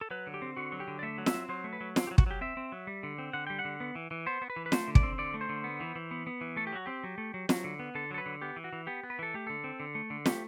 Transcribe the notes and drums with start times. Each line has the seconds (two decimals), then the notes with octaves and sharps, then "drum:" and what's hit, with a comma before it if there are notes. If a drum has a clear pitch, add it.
0.01 A4
0.11 F#3 B4
0.27 D3
0.34 G4
0.42 C4
0.57 D3 F#4
0.72 F#3
0.80 G4
0.88 D3
0.99 D5
1.03 A3 E5
1.18 F#3
1.26 E5, drum: snare
1.34 C4
1.49 F#3 C5
1.64 A3
1.73 B4
1.81 F#3
1.96 C4, drum: snare
2.07 G4
2.11 F#3
2.18 F#4, drum: kick
2.26 F#3 G4
2.41 C4 E5
2.57 C4
2.72 F#3
2.87 G3
3.03 D3
3.18 C4
3.33 D3 F#5
3.47 G3 G5
3.59 F#5
3.65 D3
3.80 B3
3.95 E3
4.11 E3
4.26 B3 C5
4.42 B3
4.50 B4
4.56 E3
4.66 B4
4.72 A3 C5, drum: snare
4.88 D3
4.95 D5, drum: kick
5.03 C4
5.18 D3 D5
5.34 A3
5.41 C5
5.49 D3
5.64 B3
5.80 E3
5.96 E3
6.11 B3
6.27 B3
6.41 E3
6.56 A3 A4
6.67 G4
6.72 F#3 F#4
6.86 C4 G4
7.04 F#3
7.18 A3
7.34 F#3
7.49 F#3, drum: snare
7.64 D3
7.79 B3
7.95 D3 A4
8.11 F#3 A4
8.18 B4
8.26 D3
8.42 B3 G4
8.56 E3
8.64 F#4
8.73 E3
8.87 B3 G4
9.03 B3
9.10 B4
9.19 E3 A4
9.34 A3 G4
9.47 D3 A4
9.64 C4
9.80 D3
9.95 A3
10.10 D3
10.26 A3 G4, drum: snare